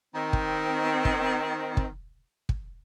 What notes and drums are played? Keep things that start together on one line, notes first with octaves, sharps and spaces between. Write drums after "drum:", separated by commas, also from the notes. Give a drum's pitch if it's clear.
D#3 C4
drum: kick
drum: kick
drum: kick
drum: kick